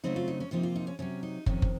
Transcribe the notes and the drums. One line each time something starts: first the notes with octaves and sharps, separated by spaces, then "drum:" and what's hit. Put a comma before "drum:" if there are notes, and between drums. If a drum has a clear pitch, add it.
C#3 F#3 A3 C4 D#4
F4
D#4
C#4
C3 F3 A#3 D#4
F4
D#4
C#4
C3 D#3 F#3 C#4
D#4
F2 C3 D#3 C#4, drum: kick
drum: kick